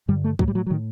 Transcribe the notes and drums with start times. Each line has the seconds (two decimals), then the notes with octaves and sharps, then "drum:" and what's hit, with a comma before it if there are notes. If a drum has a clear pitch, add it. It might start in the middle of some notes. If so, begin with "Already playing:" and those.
0.08 G2 D3 G3
0.24 A3
0.39 A2 F#3, drum: kick
0.48 G3
0.55 F#3
0.66 F#3
0.70 A2 D#3